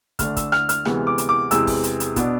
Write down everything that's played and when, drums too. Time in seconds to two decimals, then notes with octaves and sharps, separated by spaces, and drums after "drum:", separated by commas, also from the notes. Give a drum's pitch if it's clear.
0.19 D2 D3 A3 D4 F6, drum: kick, hi-hat
0.37 E6, drum: kick, hi-hat
0.52 F6, drum: rim click
0.69 F6, drum: hi-hat
0.85 D2 C3 E3 G#3 B3, drum: rim click
1.07 D6
1.18 drum: hi-hat
1.29 D6
1.51 E2 C3 E3 G#3 E6, drum: hi-hat
1.67 drum: kick, open hi-hat
1.84 drum: hi-hat
2.00 drum: hi-hat
2.16 B2 B3 D4, drum: kick, hi-hat